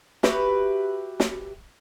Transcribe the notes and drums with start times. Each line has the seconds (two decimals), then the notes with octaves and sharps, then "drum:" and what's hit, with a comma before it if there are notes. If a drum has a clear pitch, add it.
0.23 F#4 G4 B4 E5, drum: snare
1.20 drum: snare